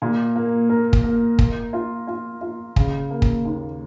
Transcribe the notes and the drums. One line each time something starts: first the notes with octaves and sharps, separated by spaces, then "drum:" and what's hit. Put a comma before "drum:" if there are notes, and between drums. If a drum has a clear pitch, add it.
A#2
A#3
A#4
drum: kick
A#3
A#4, drum: kick
F4
F4
F4
C#3, drum: kick
A#3
drum: kick
D#2